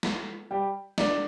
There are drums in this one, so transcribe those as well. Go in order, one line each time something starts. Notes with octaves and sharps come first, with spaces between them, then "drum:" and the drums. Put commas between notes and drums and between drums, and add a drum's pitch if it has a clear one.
drum: snare
G3 G4
D4 D5, drum: snare